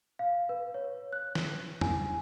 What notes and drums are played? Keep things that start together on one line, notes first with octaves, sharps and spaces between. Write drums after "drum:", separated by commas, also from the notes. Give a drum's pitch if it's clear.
F5
B4
C#5
F#6
drum: snare
G#5, drum: tom